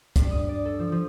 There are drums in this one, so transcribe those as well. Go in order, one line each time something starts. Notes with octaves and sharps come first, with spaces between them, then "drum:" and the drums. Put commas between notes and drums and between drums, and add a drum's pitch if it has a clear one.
G2, drum: kick, hi-hat
D#6
D5
A4
F3
F3